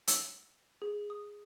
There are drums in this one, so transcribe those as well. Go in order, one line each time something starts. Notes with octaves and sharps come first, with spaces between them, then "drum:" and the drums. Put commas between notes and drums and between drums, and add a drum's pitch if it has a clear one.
E6, drum: hi-hat
G#4
D#6